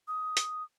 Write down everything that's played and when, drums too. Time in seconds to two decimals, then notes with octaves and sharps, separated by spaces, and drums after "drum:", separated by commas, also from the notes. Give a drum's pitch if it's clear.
0.08 D#6
0.37 drum: hi-hat